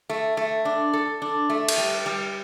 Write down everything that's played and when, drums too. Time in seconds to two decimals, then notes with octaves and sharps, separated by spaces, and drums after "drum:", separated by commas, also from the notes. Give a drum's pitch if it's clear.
0.10 A3
0.37 A3
0.65 D4
0.93 A4
1.22 D4
1.50 A3
1.69 drum: cymbal
1.78 G3
2.06 G3